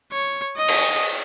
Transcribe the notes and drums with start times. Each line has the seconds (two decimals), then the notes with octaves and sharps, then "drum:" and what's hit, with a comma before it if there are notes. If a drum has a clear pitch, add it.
0.12 C#5
0.57 D#5
0.68 drum: cymbal